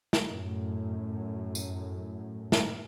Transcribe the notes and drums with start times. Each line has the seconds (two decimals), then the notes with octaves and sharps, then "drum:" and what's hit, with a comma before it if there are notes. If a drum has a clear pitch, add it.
0.13 drum: snare
0.25 F#2 A2
1.55 drum: tambourine
2.52 drum: snare